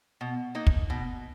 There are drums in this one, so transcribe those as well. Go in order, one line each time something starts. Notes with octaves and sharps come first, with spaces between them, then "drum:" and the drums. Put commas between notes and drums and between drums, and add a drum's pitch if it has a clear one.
B2
A#3 D#4
drum: kick
B2